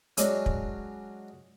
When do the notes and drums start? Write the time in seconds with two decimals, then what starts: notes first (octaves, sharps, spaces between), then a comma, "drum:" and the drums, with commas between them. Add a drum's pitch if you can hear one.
0.17 F#3 G#3 C#4 D4, drum: hi-hat
0.46 drum: kick